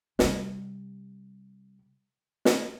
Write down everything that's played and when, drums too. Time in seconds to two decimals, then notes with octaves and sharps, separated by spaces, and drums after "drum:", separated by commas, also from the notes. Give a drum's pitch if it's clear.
0.19 C3 G3, drum: snare
2.45 drum: snare